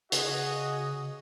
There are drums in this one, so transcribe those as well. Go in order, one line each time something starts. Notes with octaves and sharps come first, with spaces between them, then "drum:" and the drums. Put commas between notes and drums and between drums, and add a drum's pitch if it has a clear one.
C#3 F#4 G#4 D#5, drum: hi-hat